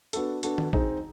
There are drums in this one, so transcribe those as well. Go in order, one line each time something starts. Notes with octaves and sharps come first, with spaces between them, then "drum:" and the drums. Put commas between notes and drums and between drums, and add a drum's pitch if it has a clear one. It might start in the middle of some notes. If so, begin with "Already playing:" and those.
B3 D4 F#4 A4, drum: hi-hat
B3 D4 F#4 A4, drum: hi-hat
drum: tom D#3
C4 D#4 G#4, drum: kick A1